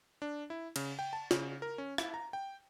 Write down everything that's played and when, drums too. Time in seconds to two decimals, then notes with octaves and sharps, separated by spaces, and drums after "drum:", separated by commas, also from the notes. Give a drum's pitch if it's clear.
0.22 D4
0.50 E4
0.76 C#3, drum: cymbal
0.99 G5
1.13 A5
1.31 C#3, drum: snare
1.62 A#4
1.78 C#4
1.98 E4, drum: rim click
2.14 A#5
2.33 G5